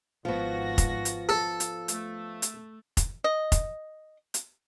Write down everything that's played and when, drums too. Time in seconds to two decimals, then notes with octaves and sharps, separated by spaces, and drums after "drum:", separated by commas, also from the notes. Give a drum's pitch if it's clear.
0.25 G#1 F3 B3 F#4 A#6
0.78 drum: kick F1, hi-hat
1.05 drum: hi-hat
1.29 A4
1.60 drum: hi-hat
1.88 A3, drum: hi-hat
2.42 drum: hi-hat
2.97 drum: kick F1, hi-hat
3.24 D#5
3.52 drum: kick F1, hi-hat
4.34 drum: hi-hat